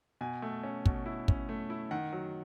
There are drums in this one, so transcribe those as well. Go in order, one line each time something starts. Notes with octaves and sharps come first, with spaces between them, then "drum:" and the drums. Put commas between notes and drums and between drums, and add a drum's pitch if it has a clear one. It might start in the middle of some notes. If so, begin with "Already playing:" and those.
B2 G#5
A3
C#4
B2, drum: kick
E4
C#4, drum: kick
A3
E4
D#3 F#5
F#3